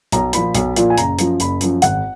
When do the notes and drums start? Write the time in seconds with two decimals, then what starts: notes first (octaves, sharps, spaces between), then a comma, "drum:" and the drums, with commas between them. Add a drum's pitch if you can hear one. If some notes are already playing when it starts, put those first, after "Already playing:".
0.12 B1 A#5, drum: hi-hat
0.33 A#2 F3 B5, drum: hi-hat
0.55 B1, drum: hi-hat
0.76 A#2 F3, drum: hi-hat
0.90 G#5
0.98 F#1 A#5, drum: hi-hat
1.19 F#2 F3, drum: hi-hat
1.40 F#1 B5, drum: hi-hat
1.61 F#2 F3, drum: hi-hat
1.82 G#1 F#5, drum: hi-hat